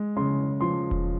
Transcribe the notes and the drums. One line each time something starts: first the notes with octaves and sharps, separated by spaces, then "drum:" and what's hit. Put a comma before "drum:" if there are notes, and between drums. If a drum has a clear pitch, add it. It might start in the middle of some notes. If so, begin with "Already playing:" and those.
Already playing: G#3
C#3 C6
F3 C6
drum: kick E1